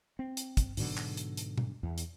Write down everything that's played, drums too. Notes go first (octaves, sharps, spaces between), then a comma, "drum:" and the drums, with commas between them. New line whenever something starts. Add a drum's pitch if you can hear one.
C4
drum: hi-hat
drum: kick, hi-hat
G#2 B2 D3 F#3, drum: open hi-hat
drum: clap
drum: hi-hat
drum: hi-hat
drum: tom B2
E2
drum: hi-hat